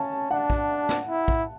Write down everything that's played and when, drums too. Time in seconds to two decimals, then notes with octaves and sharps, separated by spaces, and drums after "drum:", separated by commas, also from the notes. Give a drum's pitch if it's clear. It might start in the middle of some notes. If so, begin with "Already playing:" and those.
Already playing: C#4 A5
0.31 D4 F#5
0.50 drum: kick A#1
0.89 drum: snare
1.08 E4
1.28 drum: kick A#1